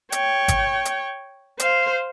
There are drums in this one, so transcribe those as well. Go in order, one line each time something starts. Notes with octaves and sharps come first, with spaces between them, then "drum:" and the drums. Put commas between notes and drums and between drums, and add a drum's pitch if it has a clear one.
C#5 G5, drum: hi-hat
drum: kick G#1, hi-hat
drum: hi-hat
C5 F5, drum: hi-hat